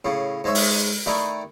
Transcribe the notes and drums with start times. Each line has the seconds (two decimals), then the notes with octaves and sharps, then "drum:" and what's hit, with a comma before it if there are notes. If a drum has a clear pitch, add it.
0.05 A2 C#3
0.44 G#2 G#3 C#5 E5
0.55 drum: open hi-hat
1.06 D#3 A3 E4 D5 A#5